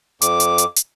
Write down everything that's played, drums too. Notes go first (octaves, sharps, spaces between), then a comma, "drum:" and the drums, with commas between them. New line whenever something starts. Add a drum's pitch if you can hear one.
F2 D6, drum: hi-hat
drum: hi-hat
drum: hi-hat
drum: hi-hat